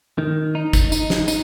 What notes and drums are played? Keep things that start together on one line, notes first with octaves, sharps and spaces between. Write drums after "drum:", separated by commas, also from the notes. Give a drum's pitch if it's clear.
D#3
D#4
drum: kick, tambourine
D#4, drum: tambourine
drum: snare
D#4, drum: tambourine